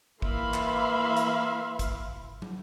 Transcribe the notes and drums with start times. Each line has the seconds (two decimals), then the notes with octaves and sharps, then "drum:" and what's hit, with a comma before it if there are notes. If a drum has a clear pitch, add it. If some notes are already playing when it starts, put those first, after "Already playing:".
0.22 E3 A#3 E5 F5 B5 C6, drum: kick
0.54 drum: clap
1.17 drum: hi-hat
1.79 drum: kick, hi-hat
2.42 drum: tom